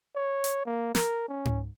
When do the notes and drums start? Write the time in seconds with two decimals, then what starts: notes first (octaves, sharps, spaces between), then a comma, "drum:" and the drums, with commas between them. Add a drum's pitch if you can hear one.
0.16 C#5
0.44 drum: hi-hat
0.66 A#3
0.95 A#4, drum: snare
1.28 C#4
1.45 drum: tom G#2